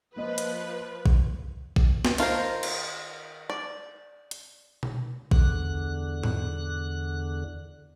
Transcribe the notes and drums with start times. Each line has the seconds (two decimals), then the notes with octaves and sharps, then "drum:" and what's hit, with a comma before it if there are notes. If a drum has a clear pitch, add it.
0.16 F3 A#3 B4 D#5
0.38 drum: hi-hat
1.06 drum: kick A#1
1.76 drum: kick A#1
2.05 drum: snare
2.18 D#3 F4 A#4 C5, drum: cymbal
2.63 drum: cymbal
3.50 D5
4.31 drum: hi-hat
4.83 drum: tom B2
5.31 E2 D3 F#6, drum: kick A#1
6.23 drum: tom G#2